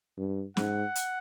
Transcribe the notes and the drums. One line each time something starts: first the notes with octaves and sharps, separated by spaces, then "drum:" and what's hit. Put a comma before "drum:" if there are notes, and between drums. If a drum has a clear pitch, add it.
G2
G#2 F#5, drum: snare
drum: hi-hat